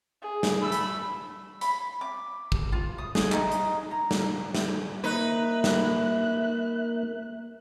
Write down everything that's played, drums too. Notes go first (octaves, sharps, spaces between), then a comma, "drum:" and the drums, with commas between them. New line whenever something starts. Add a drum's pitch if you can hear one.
G#4
drum: snare
A3 B5 E6
drum: hi-hat
B5, drum: hi-hat
D6
drum: kick
F4
D#6
G#4, drum: snare
D#4, drum: clap
drum: hi-hat
A#5
drum: snare
drum: snare
A#3 D#4 B4 E5 F#6
drum: snare